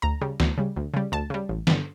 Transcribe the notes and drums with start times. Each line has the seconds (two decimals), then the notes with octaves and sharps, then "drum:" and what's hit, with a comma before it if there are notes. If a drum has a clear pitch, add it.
0.02 D2 A#5
0.21 C#3 G3
0.40 D2, drum: snare
0.58 C#3 G3
0.76 D2
0.94 C#3 G3
1.12 D2 A5
1.30 C#3 G3
1.49 A1
1.67 G2 D3, drum: snare